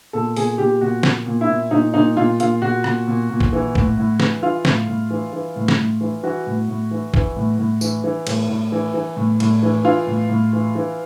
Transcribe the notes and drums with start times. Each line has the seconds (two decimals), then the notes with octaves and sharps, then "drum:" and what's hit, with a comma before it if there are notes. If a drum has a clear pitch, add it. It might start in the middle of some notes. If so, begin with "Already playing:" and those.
0.13 A#2 A4
0.36 A#2 G#4, drum: open hi-hat
0.58 A#2 G4
0.81 A#2 F#4
1.03 A#2, drum: snare
1.26 A#2
1.41 E4
1.48 A#2
1.71 A#2 D#4
1.94 A#2 D#4
2.17 A#2 F4
2.40 A#2 F4, drum: hi-hat
2.62 A#2 F#4
2.84 A#2, drum: rim click
3.08 A#2
3.30 A#2
3.40 drum: kick
3.53 E3
3.75 A2, drum: kick
3.98 A2
4.20 E3, drum: snare
4.42 E3 F4
4.65 A2, drum: snare
4.88 A2
5.10 E3
5.33 E3
5.56 A2
5.68 drum: snare
5.78 A2
6.01 E3
6.23 E3 F#4
6.47 A2
6.68 A2
6.91 E3
7.14 E3, drum: kick
7.36 A2
7.59 A2
7.81 E3, drum: tambourine
8.04 E3
8.27 A2, drum: cymbal
8.49 A2
8.72 E3
8.94 E3
9.17 A2
9.40 A2, drum: cymbal
9.63 E3
9.84 E3 F4
10.07 A2
10.30 A2
10.53 E3
10.75 E3